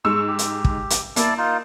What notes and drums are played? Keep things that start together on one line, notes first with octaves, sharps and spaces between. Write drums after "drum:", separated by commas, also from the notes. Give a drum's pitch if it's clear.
G#2 G#3 C#6 E6
G4
drum: hi-hat
drum: kick
drum: hi-hat
A#3 E4 D5 A5, drum: hi-hat
D#4 F4